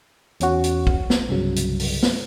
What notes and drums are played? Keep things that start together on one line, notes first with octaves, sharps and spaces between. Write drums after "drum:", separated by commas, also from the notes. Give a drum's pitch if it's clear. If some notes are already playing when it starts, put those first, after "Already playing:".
E2 C#4 F#4, drum: hi-hat
drum: hi-hat
drum: kick
drum: snare
C2 G2 C#3 F#3
drum: hi-hat
drum: open hi-hat
drum: snare